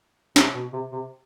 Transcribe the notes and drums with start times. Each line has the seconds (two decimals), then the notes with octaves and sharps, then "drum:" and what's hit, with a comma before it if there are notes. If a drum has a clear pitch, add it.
0.36 C3, drum: snare
0.55 B2
0.73 C3
0.93 C3